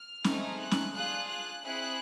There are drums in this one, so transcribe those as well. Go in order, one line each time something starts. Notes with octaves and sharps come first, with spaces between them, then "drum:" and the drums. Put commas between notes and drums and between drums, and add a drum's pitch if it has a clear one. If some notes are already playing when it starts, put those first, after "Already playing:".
Already playing: F6
A3 C4 D#4 G#4, drum: snare C#4
F#6
drum: snare C#4
D4 F4 G#4 F#6
F#6
C4 E4 G#4 F#6